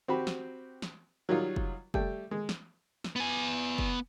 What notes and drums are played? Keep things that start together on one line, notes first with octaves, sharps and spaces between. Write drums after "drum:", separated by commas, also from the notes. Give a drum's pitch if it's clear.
C4 F#4 G4 B5
drum: snare
drum: snare
F#3 G3 D#4 F4
drum: kick
G3 A3 G5, drum: kick
G#3
drum: snare
drum: snare
B3 G#5
drum: kick